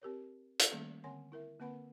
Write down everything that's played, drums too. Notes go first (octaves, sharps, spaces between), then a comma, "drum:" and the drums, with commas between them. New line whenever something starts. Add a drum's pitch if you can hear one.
C4 G4 A#4 C#5
drum: hi-hat
D#3 G3 A3 A#3 C#4
D3 C4 C#5 F#5 G#5 C6
E4 A#4 E5
D3 A#3 C4 B4 F#5 B5